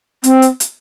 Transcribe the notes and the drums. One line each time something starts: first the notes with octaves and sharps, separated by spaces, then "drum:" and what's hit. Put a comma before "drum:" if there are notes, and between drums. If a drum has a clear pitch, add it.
C4, drum: hi-hat
drum: hi-hat
drum: hi-hat